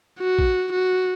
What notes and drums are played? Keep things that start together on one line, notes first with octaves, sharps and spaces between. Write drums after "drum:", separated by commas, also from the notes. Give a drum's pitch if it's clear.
F#4
drum: kick
F#4